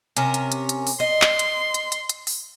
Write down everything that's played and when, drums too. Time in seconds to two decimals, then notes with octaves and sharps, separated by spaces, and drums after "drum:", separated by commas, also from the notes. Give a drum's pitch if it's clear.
0.17 C3 C#4 A#4, drum: hi-hat
0.34 drum: hi-hat
0.52 drum: hi-hat
0.69 drum: hi-hat
0.87 drum: open hi-hat
1.00 D#5 C6
1.22 drum: clap
1.39 drum: hi-hat
1.74 drum: hi-hat
1.92 drum: hi-hat
2.09 drum: hi-hat
2.27 drum: open hi-hat